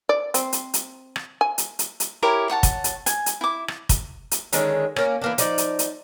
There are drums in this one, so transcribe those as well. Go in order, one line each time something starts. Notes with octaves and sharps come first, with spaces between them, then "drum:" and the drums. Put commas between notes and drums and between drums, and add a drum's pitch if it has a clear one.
D5
C4, drum: hi-hat
drum: hi-hat
drum: hi-hat
drum: rim click
G#5
drum: hi-hat
drum: hi-hat
drum: hi-hat
E4 G4 A#4 C#5
C#5 F#5 A5
drum: kick, hi-hat
drum: hi-hat
G#5, drum: hi-hat
drum: hi-hat
E4 D6
drum: rim click
drum: kick, hi-hat
drum: hi-hat
D3 D#3 G#3 C#4, drum: hi-hat
A#3 C#4, drum: rim click
E3 A#3 D4
F3 D#4 D5, drum: hi-hat
drum: hi-hat
drum: hi-hat